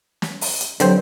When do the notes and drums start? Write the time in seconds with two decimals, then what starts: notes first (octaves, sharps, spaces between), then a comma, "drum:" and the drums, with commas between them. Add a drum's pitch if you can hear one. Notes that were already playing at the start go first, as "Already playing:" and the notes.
0.22 drum: snare
0.41 drum: open hi-hat
0.61 drum: hi-hat
0.80 G2 D3 E3 F#3 C4 C5, drum: hi-hat